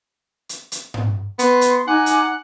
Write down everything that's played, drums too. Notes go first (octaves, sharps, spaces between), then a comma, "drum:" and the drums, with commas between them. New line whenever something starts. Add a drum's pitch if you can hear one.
drum: hi-hat
drum: hi-hat
drum: tom G#2
B3 C6, drum: hi-hat
drum: hi-hat
D#4 F#5 G#5 D6
drum: hi-hat